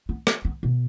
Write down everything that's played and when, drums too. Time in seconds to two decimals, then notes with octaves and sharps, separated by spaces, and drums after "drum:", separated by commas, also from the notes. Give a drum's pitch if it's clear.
0.09 B3
0.27 drum: rim click
0.45 B3
0.63 B2